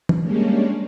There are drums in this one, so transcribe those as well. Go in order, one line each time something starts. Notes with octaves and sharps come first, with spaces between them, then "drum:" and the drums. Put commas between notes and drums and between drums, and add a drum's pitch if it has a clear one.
drum: tom
G3 G#3 A#3 C#4 D4